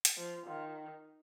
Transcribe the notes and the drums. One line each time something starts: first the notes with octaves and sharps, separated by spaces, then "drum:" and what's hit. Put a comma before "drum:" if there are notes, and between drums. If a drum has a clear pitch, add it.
drum: hi-hat
F3
D#3 F4